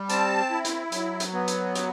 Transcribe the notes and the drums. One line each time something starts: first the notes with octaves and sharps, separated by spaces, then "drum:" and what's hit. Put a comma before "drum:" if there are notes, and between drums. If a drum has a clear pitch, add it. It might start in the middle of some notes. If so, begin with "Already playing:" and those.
Already playing: G3
C4 A5, drum: hi-hat
E4
drum: hi-hat
F#3, drum: hi-hat
drum: hi-hat
B3
drum: hi-hat
drum: hi-hat